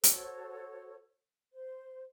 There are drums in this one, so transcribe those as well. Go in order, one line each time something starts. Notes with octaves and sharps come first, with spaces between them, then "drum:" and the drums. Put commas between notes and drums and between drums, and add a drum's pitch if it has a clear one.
F#4 A4 C5 C#5, drum: hi-hat
C5